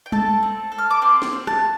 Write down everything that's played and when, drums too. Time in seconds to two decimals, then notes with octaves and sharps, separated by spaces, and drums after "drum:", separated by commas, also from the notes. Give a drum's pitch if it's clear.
0.06 G5
0.12 A4 A5, drum: tom G3
0.43 C4
0.72 A4
0.78 F6
0.90 D6
1.02 C4 C6
1.22 drum: snare
1.33 C4
1.47 A5, drum: rim click